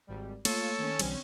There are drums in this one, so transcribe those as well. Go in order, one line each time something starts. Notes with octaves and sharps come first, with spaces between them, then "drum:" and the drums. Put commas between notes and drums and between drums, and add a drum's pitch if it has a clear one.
G#1 G3
A3 A#3 F4 A4 C#5 E6, drum: cymbal
D#3 C#4
B1 D3 E3 G3 C4 C#4, drum: cymbal